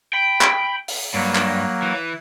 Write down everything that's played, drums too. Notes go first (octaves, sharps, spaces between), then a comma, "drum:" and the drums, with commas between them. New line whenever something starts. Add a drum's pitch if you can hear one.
G5 B5
drum: clap
drum: open hi-hat
G2 F#3 A#3
drum: clap
E3